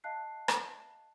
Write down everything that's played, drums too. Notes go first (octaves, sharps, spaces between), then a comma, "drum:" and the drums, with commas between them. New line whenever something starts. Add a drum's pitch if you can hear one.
D#5 F5 A5 F#6 C7
drum: rim click